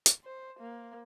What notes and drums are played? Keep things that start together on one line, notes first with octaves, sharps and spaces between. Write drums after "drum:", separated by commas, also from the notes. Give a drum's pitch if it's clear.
drum: hi-hat
C5
A#3